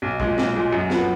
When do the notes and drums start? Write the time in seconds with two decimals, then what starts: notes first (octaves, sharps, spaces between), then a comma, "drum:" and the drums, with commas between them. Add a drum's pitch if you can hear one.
0.02 B1
0.20 A#2 G#3, drum: kick A#1
0.38 B1, drum: snare
0.55 A#2 G#3
0.72 F#2
0.90 F3 B3, drum: snare